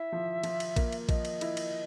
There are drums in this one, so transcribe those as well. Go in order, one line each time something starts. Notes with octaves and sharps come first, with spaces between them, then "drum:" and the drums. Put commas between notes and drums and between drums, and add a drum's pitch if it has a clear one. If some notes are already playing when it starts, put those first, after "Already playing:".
Already playing: E4 E5
F3
F3, drum: cymbal
drum: cymbal
A#3, drum: kick A#1, cymbal
drum: cymbal
F3 D#5, drum: kick A#1, cymbal
drum: cymbal
E4, drum: cymbal
drum: cymbal